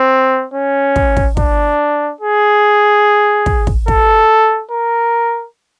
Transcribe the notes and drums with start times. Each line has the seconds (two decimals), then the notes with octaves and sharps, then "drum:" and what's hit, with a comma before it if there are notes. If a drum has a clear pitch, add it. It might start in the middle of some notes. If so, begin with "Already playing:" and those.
Already playing: C4
0.54 C#4
0.96 drum: kick
1.17 drum: kick
1.37 D4, drum: kick
2.21 G#4
3.46 drum: kick
3.67 drum: kick
3.88 A4, drum: kick
4.71 A#4